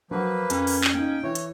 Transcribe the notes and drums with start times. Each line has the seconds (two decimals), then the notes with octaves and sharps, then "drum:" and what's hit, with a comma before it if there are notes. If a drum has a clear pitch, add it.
0.11 F3 F#3 A#3 F#4 B4
0.50 F2 C#4, drum: hi-hat
0.67 drum: open hi-hat
0.84 drum: clap
0.94 A#3 D#4 G5
1.23 E3 C#5
1.35 drum: hi-hat